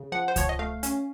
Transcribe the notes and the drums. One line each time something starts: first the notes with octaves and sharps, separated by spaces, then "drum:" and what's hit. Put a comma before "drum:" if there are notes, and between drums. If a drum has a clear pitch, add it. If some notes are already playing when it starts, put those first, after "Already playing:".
Already playing: C#3
F3 F#5
C5
F3 C#5, drum: kick C#2, hi-hat
D#5
A3 F5
C#4, drum: hi-hat